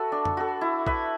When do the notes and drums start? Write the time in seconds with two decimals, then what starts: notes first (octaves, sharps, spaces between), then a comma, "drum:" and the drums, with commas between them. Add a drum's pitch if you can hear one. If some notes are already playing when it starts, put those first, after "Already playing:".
Already playing: F#4 A4 B4 E5
0.12 D4
0.25 drum: tom F2
0.37 F#4 A4
0.61 E4
0.87 B4 E5, drum: kick A#1